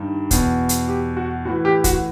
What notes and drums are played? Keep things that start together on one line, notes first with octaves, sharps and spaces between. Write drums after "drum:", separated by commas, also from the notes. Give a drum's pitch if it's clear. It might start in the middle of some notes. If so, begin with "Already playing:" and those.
Already playing: G2 D#3
E2 B2, drum: kick, hi-hat
drum: hi-hat
G4
F#4
A2 E3 F#4
G4
F#4, drum: kick, hi-hat